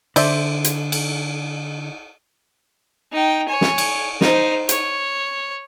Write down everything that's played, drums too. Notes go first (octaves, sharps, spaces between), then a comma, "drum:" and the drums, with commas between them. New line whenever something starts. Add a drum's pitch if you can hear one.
D3 C5 D5 E5, drum: cymbal
drum: hi-hat
drum: cymbal
D#4 G5
C#5 G#5
drum: snare
drum: cymbal
D#4 C5, drum: snare
C#5, drum: hi-hat